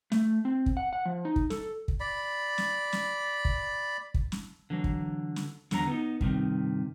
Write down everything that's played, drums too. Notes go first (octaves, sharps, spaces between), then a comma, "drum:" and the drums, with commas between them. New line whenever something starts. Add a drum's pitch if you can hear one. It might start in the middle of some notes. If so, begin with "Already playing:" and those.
A3, drum: snare
C4
drum: kick
F#5
F#5
F3
D#4
drum: kick
A4, drum: snare
drum: kick
D5 B5
drum: snare
drum: snare
drum: kick
drum: kick
drum: snare
D3 E3 F#3
drum: kick
drum: snare
E2 D3 F#3 A#5, drum: snare
B3 D#4
G2 C3 D#3, drum: kick